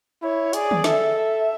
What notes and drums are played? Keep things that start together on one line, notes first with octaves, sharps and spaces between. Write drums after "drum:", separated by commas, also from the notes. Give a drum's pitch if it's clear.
E4 C#5
G#4 D5, drum: hi-hat
drum: tom
A4 E5, drum: snare
E5